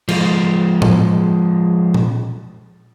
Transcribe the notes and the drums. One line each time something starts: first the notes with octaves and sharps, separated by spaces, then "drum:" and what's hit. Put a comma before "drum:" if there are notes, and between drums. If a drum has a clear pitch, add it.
F3 G#3, drum: cymbal
drum: tom A2
drum: tom A#2